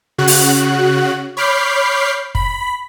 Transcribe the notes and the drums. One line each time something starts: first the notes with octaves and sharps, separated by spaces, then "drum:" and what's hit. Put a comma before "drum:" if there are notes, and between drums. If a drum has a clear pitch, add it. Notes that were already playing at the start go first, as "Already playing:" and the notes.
C#3 F#4 F#6
drum: open hi-hat
C#5 B5 D6 F6 G6 C7
B5, drum: kick